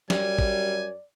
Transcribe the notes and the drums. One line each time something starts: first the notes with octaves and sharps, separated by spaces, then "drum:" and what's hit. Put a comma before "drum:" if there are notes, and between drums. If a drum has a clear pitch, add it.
F#2 G3 D5 G#5, drum: snare
drum: kick